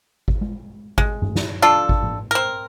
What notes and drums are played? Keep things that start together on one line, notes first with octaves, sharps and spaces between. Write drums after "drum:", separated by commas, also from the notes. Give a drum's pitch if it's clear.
drum: kick G#1
drum: tom G#3
G#3, drum: kick G#1
drum: tom G2
drum: snare
D4 F4 A4
drum: kick G#1
drum: tom G#2
C4 A#4